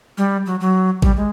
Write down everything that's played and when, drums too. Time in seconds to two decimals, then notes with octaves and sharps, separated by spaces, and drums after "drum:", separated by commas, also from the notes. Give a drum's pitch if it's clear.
0.18 G3
0.46 F#3
0.60 F#3
1.02 G3, drum: kick G#1
1.17 G#3